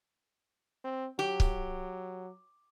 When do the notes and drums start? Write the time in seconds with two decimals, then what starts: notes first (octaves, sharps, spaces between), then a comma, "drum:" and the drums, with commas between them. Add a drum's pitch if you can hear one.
0.84 C4
1.19 F#3 G4
1.40 drum: kick C#1